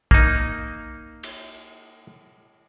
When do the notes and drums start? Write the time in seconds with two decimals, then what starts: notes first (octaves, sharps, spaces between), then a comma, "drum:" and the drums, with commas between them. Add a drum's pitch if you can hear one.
0.11 A#3 D#4, drum: kick
1.23 drum: cymbal